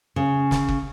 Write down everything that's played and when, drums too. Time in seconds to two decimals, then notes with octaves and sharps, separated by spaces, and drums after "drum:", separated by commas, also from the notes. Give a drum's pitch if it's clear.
0.16 C#3
0.51 drum: snare
0.68 drum: kick F#1